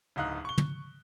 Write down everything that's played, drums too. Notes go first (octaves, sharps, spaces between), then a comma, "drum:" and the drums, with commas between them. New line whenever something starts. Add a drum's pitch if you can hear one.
D1 D2 D#4 F5 F#6
C#6 G7
drum: tom